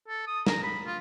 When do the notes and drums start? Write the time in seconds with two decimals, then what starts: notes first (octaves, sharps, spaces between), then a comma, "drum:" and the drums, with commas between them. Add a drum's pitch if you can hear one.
0.08 A4
0.27 D#6
0.47 A#5, drum: snare
0.63 B5
0.86 F4